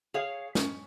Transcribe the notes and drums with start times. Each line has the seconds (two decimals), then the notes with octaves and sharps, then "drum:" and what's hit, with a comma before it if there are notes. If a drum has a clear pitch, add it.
0.14 G#4 C#5 F5
0.55 C#4, drum: snare